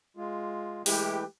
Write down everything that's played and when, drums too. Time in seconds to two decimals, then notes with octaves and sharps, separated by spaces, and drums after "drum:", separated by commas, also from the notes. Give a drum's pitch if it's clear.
0.17 G#3 F4
0.86 E3 G#3 A3 E4 G4 B4, drum: open hi-hat